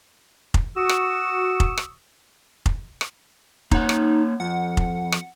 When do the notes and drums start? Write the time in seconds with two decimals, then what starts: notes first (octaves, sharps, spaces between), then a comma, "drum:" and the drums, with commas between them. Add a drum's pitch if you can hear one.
0.54 drum: kick F1
0.77 F#4 C#6 D#6 E6
0.89 drum: rim click
1.60 drum: kick F1
1.77 drum: rim click
2.66 drum: kick F1
3.01 drum: rim click
3.71 A#3 D#4 C#5 F#5, drum: kick F1
3.89 drum: rim click
4.40 F2 F#5
4.77 drum: kick F1
5.12 drum: rim click